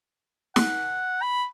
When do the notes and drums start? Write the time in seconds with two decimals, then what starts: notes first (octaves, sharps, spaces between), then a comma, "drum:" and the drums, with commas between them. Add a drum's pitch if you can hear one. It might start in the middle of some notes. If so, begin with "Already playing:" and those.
0.56 F#5, drum: snare
1.22 B5